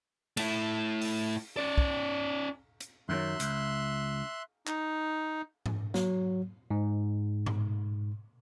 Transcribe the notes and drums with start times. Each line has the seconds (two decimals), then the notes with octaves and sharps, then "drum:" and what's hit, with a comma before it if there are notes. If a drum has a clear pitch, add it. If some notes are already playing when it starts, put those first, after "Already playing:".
0.37 A3 E4, drum: cymbal
1.01 drum: open hi-hat
1.57 C#4 D5
1.78 drum: kick
2.80 drum: hi-hat
3.09 F#2 D#3 F#3 E5 C6 F#6
3.40 C#2, drum: hi-hat
4.67 D#4, drum: clap
5.66 drum: tom G#2
5.94 F#3, drum: snare
6.71 G#2
7.46 drum: tom A2